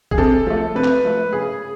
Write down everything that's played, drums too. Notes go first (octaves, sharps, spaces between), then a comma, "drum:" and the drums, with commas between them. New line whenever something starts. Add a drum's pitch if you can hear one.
G#4, drum: kick A1
C3 A4
F3 A3
C3 B4
drum: clap
F3 A3
C#3 G#4